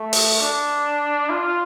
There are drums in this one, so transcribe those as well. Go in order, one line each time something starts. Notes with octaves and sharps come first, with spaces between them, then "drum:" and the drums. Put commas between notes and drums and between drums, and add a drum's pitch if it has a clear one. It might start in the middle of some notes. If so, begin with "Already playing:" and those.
Already playing: A3
drum: open hi-hat
D4
F4